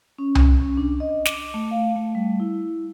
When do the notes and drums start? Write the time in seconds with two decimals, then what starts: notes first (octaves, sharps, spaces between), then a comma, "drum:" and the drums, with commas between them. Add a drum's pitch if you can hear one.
0.18 C#4
0.35 drum: tom C2
0.60 C#4
0.77 D4
1.00 D#5
1.25 D6, drum: snare
1.54 A3
1.71 F5
1.96 A3
2.15 G3
2.40 E4